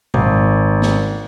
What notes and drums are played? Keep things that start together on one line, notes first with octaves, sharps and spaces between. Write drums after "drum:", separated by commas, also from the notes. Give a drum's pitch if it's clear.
G#1, drum: tom A#2
drum: snare